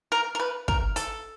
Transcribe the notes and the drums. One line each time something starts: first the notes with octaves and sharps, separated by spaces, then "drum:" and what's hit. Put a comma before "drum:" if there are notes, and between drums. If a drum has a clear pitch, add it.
A#4
A#4
B4
A#4, drum: kick
A4, drum: hi-hat